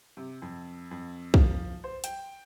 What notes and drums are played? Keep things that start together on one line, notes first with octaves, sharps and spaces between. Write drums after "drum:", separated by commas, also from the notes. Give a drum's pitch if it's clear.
C3
F2
F2
F3, drum: kick
C5
G5, drum: hi-hat